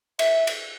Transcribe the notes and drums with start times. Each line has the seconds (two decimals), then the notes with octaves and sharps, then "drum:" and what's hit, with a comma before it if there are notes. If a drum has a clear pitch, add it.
0.19 E5, drum: cymbal
0.47 drum: cymbal